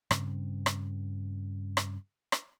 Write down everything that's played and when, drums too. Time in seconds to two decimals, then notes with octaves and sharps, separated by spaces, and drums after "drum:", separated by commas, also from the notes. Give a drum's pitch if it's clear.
0.11 G2 C#3 C4, drum: rim click
0.66 drum: rim click
1.77 drum: rim click
2.32 drum: rim click